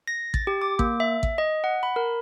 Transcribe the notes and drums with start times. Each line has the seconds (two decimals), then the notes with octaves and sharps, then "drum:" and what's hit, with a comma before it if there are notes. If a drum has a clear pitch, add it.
0.07 A#6
0.34 A6, drum: kick A1
0.47 G4
0.62 D6
0.79 A#3, drum: kick A1
1.00 E5
1.23 drum: kick A1
1.38 D#5
1.64 F#5
1.83 B5
1.96 A#4